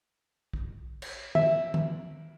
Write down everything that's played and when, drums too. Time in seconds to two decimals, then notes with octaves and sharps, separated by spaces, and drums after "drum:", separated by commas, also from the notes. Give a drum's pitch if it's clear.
0.53 drum: kick A#1
1.02 drum: cymbal
1.35 E5, drum: tom
1.74 drum: tom